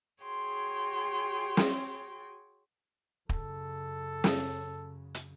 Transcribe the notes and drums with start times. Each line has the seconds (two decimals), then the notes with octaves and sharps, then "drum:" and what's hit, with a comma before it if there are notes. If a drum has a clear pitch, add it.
0.23 F#4 G#4 C#5 G5 C6
1.57 drum: snare
3.29 F#2 C#3 A4, drum: kick
4.24 drum: snare
5.15 drum: hi-hat